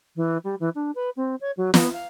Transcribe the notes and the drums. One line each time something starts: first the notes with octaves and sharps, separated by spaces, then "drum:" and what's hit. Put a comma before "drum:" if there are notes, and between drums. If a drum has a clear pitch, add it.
E3
G3
E3
D4
B4
C4
C#5
F#3
B3, drum: snare
F5